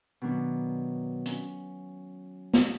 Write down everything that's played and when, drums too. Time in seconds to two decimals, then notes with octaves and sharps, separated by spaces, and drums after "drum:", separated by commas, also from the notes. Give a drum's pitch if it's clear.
0.21 B2 D#3 F#3 D4
1.26 C#4, drum: hi-hat
2.53 drum: snare